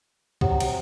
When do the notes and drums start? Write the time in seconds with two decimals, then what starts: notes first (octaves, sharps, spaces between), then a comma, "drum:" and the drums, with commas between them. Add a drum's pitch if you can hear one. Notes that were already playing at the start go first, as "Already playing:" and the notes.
0.41 C3 F#3 G4 F#5, drum: kick
0.60 drum: cymbal